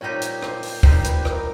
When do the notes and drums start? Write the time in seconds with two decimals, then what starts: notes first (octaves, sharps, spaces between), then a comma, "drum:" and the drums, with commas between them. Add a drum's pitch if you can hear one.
0.01 A#2 G3 C4 D#4 G4 C#5
0.22 drum: hi-hat
0.42 C5, drum: rim click
0.63 drum: open hi-hat
0.83 A#2 G3 C4 D#4 G4 C5, drum: kick
1.04 B4, drum: hi-hat
1.25 A#4, drum: rim click